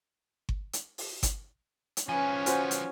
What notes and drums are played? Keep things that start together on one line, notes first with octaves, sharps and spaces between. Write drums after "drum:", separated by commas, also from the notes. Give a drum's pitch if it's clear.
drum: kick G1
drum: hi-hat
drum: open hi-hat
drum: kick G1, hi-hat
drum: hi-hat
F3 C#4 B4 G#5
F4 F#4 C5, drum: hi-hat
drum: hi-hat